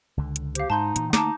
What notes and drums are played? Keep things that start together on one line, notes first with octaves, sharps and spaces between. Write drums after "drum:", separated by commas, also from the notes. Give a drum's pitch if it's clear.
C#2 D3
drum: hi-hat
G4 C5 F5, drum: hi-hat
G#2 D#4 A5 C6 G6
A#2 E3, drum: hi-hat
D3 A3 A#3 D#4 A5 D6, drum: snare